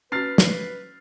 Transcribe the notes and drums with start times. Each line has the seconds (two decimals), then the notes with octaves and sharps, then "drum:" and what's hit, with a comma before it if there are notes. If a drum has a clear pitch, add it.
0.12 C#4 F#4 B4 F6 A6 C7
0.38 drum: snare